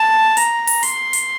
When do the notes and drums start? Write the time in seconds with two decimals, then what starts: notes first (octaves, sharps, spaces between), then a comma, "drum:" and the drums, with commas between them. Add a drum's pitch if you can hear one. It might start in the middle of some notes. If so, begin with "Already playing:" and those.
Already playing: A5
0.37 A#5, drum: hi-hat
0.67 drum: open hi-hat
0.83 C6, drum: hi-hat
1.13 drum: hi-hat